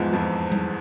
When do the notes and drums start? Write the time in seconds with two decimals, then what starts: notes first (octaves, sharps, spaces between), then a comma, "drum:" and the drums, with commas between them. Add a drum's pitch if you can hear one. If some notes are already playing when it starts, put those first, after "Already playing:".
Already playing: E2 G#2 E3 F3 G#3
0.12 F2 F3
0.52 drum: tom G3